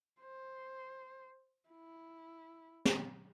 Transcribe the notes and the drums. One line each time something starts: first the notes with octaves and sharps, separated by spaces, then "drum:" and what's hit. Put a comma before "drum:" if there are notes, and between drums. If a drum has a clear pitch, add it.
C5
E4
drum: snare